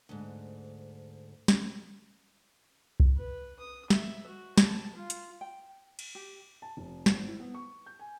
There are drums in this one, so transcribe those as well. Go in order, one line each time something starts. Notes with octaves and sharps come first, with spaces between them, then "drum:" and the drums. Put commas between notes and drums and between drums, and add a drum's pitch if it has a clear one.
D2 G#2
C#4, drum: snare
drum: kick C2
B4
D#6
E5, drum: snare
F#4
A5, drum: snare
F4
drum: hi-hat
G5
drum: cymbal
G4
A5
F1
G#1, drum: snare
E4
B3
C#6
G6
G#5